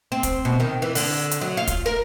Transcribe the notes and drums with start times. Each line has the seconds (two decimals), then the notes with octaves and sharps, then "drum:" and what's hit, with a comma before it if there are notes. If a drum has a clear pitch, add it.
0.12 C4
0.23 drum: kick, hi-hat
0.45 B2
0.60 D#3
0.82 E3
0.95 D3, drum: open hi-hat
1.31 drum: hi-hat
1.41 F#3
1.57 F4
1.67 drum: kick, hi-hat
1.86 A#4